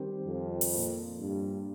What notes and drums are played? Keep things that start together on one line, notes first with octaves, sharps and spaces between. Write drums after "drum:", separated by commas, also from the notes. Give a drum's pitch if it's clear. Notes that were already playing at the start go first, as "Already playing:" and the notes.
Already playing: D#3 G3 C4 G4 C5
F2
drum: open hi-hat
A#2 A#3 F4
G2